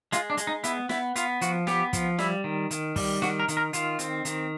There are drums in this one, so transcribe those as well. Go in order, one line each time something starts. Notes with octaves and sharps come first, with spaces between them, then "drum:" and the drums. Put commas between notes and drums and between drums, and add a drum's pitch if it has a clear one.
G#3 F4, drum: hi-hat
D4
G#3, drum: hi-hat
D#4
B3 E4, drum: hi-hat
B3 E4, drum: snare
B3 F4, drum: hi-hat
F3 F#4, drum: hi-hat
B3 G4, drum: snare
F3, drum: kick, hi-hat
G3 E4, drum: snare
D#3
D#3, drum: hi-hat
G3, drum: kick, open hi-hat
D#3 F#4, drum: snare
A#4
D#3, drum: hi-hat
A#4
D#3 F4, drum: hi-hat
C4, drum: hi-hat
D#3, drum: hi-hat